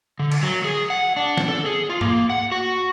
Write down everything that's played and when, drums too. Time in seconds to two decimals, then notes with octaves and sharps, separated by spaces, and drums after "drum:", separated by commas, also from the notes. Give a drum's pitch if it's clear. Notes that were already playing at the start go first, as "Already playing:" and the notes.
0.19 D3
0.32 drum: cymbal
0.43 F#3
0.65 G#4
0.90 F#5
1.17 D4
1.37 drum: snare
1.48 A4
1.66 G#4
1.90 F4
2.01 A#3, drum: tom
2.30 F#5
2.52 F#4